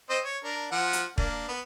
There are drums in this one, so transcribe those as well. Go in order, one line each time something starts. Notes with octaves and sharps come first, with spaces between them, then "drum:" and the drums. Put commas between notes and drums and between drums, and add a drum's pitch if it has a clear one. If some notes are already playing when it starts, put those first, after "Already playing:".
C4 C5 D#5
C#5
D4 A#4
F3 F#5
drum: hi-hat
A#3 D4, drum: kick
B3